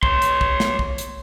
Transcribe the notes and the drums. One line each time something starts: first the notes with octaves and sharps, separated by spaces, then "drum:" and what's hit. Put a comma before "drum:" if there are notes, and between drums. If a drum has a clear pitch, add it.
C#5 C6, drum: kick
drum: hi-hat
drum: kick
drum: snare
drum: kick
drum: hi-hat